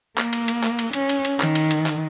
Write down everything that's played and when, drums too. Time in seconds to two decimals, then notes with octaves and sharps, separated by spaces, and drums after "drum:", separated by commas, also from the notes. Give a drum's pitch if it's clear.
0.18 A#3, drum: clap
0.33 drum: cymbal
0.48 drum: cymbal
0.63 drum: clap
0.79 drum: cymbal
0.93 C#4, drum: cymbal
1.09 drum: cymbal
1.25 drum: cymbal
1.40 D#3, drum: clap
1.55 drum: cymbal
1.71 drum: cymbal
1.86 drum: clap